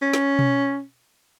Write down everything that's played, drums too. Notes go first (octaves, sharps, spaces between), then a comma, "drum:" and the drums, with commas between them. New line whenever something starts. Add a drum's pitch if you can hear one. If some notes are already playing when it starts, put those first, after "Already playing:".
C#4
drum: snare
drum: tom B2